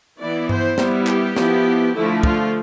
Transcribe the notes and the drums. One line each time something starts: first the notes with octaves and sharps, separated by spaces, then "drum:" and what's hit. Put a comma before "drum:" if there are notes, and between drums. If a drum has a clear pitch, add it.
E3 B3 E4 D5
C5, drum: tom G2
G3 B3 E4, drum: snare
G4, drum: clap
F3 B3 E4, drum: snare
D3 F3 A3 E4
F4, drum: kick